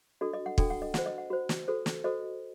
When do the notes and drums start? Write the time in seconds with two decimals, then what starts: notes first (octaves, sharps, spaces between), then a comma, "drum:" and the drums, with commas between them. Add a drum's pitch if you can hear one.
0.21 D4 F#4 A4 D#5
0.34 D#5
0.46 F#5
0.58 D4 F#4 A4 G5, drum: kick
0.70 F#5
0.82 D#5
0.94 F#4 C5 F#5, drum: snare
1.06 D#5
1.18 F#5
1.30 F#4 C5
1.49 drum: snare
1.68 F#4 A4 C5
1.86 drum: snare
2.04 F#4 A4 C5 D#5